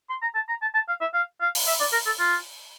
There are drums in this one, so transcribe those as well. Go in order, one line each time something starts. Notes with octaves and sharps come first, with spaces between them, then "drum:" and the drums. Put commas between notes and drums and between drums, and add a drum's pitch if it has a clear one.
C6
A#5
A5
A#5
A5
A5
F5
E5
F5
F5
drum: open hi-hat
E5
D5
A#4
A4
F4